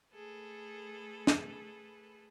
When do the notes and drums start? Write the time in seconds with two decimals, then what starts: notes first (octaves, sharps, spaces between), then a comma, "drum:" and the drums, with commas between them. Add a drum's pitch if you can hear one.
0.14 A3 G#4 A4 B4
1.27 drum: snare